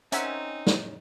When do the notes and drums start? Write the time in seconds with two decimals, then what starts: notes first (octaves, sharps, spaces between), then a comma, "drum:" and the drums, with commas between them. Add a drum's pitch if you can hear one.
0.12 C4 C#4 D#4 A#4 E5 F#5 G#5, drum: hi-hat
0.67 drum: snare